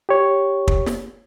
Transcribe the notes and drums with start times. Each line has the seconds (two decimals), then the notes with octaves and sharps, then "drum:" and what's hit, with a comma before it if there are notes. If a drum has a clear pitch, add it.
0.09 G4 C#5
0.68 drum: kick
0.86 drum: snare